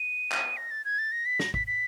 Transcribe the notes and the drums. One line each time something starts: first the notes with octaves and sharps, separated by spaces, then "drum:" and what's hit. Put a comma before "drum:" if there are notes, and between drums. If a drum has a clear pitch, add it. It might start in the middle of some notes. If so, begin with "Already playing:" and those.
Already playing: D#7
drum: clap
A#6
A6
G#6
A6
A#6
B6
A#6, drum: snare
B6, drum: kick
B6